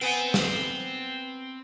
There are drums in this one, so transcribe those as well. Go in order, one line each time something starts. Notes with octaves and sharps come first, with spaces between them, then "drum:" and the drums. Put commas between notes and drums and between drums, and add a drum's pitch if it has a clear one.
B3 C4 F#5 G#5 D7
drum: snare